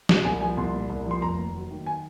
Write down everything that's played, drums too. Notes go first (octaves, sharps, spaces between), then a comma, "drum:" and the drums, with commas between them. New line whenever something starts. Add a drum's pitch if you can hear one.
A#2, drum: snare
C2 G#5
F3 G#5
C2 C6
A#2
C2
F3 C6
F1 A#5
D#2
F#3
D#3
G#5